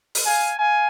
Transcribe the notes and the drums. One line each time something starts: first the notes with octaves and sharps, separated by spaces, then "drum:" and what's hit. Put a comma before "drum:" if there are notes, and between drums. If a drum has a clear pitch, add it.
drum: open hi-hat
F5 G#5
F5 G#5